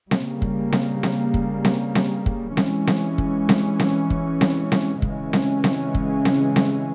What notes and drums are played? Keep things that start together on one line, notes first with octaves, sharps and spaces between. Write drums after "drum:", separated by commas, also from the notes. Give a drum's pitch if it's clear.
C#3 G3 A#3, drum: snare C4
drum: kick
drum: snare C4
drum: snare C4
drum: kick
drum: snare C4
drum: snare C4
drum: kick
E3 G#3 C#4, drum: snare C4
drum: snare C4
drum: kick
drum: snare C4
drum: snare C4
drum: kick
drum: snare C4
drum: snare C4
C#3 E3 G#3 C#4, drum: kick
drum: snare C4
drum: snare C4
drum: kick
drum: snare C4
drum: snare C4